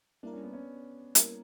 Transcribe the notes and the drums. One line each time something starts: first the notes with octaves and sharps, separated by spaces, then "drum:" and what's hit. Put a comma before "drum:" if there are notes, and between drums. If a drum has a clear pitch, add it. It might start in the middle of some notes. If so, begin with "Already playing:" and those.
G3 A#3 D4 E4 A#4
C#4
B3
C#4
G3 A#3 E4 A#4, drum: hi-hat